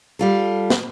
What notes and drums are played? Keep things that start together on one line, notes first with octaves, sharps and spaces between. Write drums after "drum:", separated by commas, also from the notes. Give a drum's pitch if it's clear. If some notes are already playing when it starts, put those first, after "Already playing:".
G3 F4 A4
drum: snare